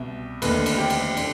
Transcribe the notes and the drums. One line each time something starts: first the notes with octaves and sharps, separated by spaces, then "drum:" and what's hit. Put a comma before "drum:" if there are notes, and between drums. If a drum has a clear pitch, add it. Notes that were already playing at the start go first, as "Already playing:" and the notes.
Already playing: C2 B2
F1 D#2 D3 B4, drum: cymbal
drum: cymbal
G4
drum: cymbal
D3, drum: cymbal